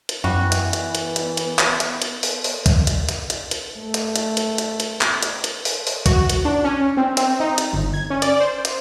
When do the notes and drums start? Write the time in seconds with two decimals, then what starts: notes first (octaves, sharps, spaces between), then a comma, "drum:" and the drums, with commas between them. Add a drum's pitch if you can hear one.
0.09 drum: hi-hat
0.24 F#2 E3 G3 B3 F#4
0.52 drum: hi-hat
0.73 drum: hi-hat
0.95 drum: hi-hat
1.16 drum: hi-hat
1.37 drum: hi-hat
1.59 drum: clap
1.80 drum: hi-hat
2.02 drum: hi-hat
2.23 drum: open hi-hat
2.44 drum: open hi-hat
2.66 drum: kick, hi-hat
2.87 drum: hi-hat
3.09 drum: hi-hat
3.30 drum: hi-hat
3.51 drum: hi-hat
3.78 A3
3.94 drum: hi-hat
4.16 drum: hi-hat
4.37 drum: hi-hat
4.58 drum: hi-hat
4.80 drum: hi-hat
5.01 drum: clap
5.23 drum: hi-hat
5.44 drum: hi-hat
5.65 drum: open hi-hat
5.87 drum: open hi-hat
6.06 F#4, drum: kick, hi-hat
6.30 drum: hi-hat
6.45 D4
6.64 C#4
6.97 C4
7.17 C4, drum: hi-hat
7.40 D#4
7.58 drum: hi-hat
7.73 G1
7.94 G#6
8.10 C#4
8.22 D5, drum: hi-hat
8.40 C5
8.65 drum: hi-hat